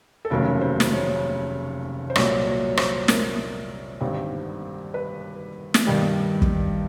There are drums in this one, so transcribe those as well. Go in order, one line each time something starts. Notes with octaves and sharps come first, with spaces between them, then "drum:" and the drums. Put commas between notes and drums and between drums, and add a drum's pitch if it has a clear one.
A4
F1 D#2 C#3 F#3 A3 A#4
C5
drum: snare
C#5
C5
C2 A#2 F#3 C#5, drum: rim click
C#5
C5, drum: rim click
A#4, drum: snare
G#1 G2 D3 G3 C4
B4
drum: snare
G2 D#3 G3
drum: kick